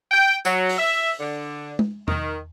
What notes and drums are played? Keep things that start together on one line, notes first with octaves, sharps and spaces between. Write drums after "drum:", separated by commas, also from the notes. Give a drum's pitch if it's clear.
G5
F#3, drum: tambourine
drum: open hi-hat
E5
D3
drum: tom G#3
D#3, drum: tom E2